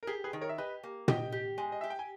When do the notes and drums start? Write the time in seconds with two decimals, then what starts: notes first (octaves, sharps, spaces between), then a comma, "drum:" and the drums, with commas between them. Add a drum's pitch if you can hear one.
0.03 A#4
0.07 G4 G#4
0.24 G#4 B4
0.33 D#3
0.41 A#4 C#5
0.49 E5
0.58 G4 B4 D#5
0.84 A#3
1.08 G4 D#5 G5, drum: tom
1.32 G4
1.58 G#3
1.72 D#5
1.81 G4 E5
1.90 G5
1.99 G#5